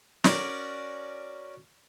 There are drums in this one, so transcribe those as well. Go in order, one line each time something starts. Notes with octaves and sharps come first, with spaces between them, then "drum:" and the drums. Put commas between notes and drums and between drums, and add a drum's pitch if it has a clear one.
C#4 F#4 A#4 D5 A#5, drum: snare